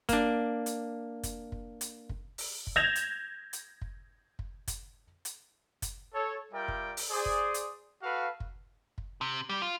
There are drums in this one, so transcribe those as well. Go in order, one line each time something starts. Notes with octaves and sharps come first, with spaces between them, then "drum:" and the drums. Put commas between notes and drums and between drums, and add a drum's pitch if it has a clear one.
A#3 D4, drum: kick, hi-hat
drum: hi-hat
drum: kick, hi-hat
drum: kick
drum: hi-hat
drum: kick
drum: open hi-hat
drum: kick
G6 G#6 A#6 E7 F7
drum: hi-hat
drum: hi-hat
drum: kick
drum: kick
drum: kick, hi-hat
drum: hi-hat
drum: kick, hi-hat
A4 C#5
G3 F4 A#4 D5 E5 G5
drum: kick
drum: open hi-hat
G#4 C5 D5
drum: kick
drum: hi-hat
F#4 A4 B4 F5
drum: kick
drum: kick
C3
G3
F4